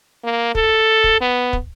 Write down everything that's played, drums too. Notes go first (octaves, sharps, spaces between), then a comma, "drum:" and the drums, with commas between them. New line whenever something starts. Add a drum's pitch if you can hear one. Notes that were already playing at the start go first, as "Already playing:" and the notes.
A#3
A4, drum: kick
drum: kick
B3
drum: kick